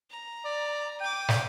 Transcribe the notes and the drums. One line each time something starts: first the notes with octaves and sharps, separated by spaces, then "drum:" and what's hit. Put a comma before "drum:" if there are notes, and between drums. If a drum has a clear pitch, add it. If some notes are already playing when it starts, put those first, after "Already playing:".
A#5
D5
G5 D6 D#7
drum: snare